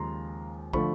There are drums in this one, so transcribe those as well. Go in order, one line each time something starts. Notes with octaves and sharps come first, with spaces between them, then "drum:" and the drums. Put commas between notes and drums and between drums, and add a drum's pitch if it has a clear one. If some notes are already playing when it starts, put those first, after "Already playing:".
Already playing: D#2 C#3 F3 G#3 A#5 C6
D3 F3 A3 B5 C#6, drum: kick